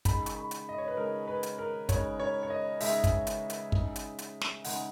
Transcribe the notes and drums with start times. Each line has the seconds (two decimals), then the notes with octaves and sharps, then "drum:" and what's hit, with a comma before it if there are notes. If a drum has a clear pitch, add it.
0.05 C#3 G#3 D#4 B5, drum: kick, hi-hat
0.26 C#6, drum: hi-hat
0.35 B5
0.51 drum: hi-hat
0.69 D#5
0.78 C#5
0.88 B4
0.97 C#3 G#3 D#4 A#4
1.27 B4
1.43 drum: hi-hat
1.58 A#4
1.89 C#3 G#3 D#4 C#5, drum: kick, hi-hat
2.20 C#5
2.43 C#5
2.50 D#5
2.80 C#3 G#3 D#4 E5, drum: open hi-hat
3.04 drum: kick, hi-hat
3.27 drum: hi-hat
3.50 drum: hi-hat
3.72 C#3 G#3 D#4, drum: kick
3.96 drum: hi-hat
4.19 drum: hi-hat
4.42 drum: snare
4.64 C#3 G#3 D#4 F#5, drum: open hi-hat